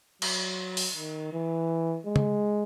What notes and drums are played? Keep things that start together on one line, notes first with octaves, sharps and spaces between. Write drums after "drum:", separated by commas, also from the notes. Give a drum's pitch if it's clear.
F#3, drum: cymbal
drum: open hi-hat
D#3
E3
G#3
drum: tom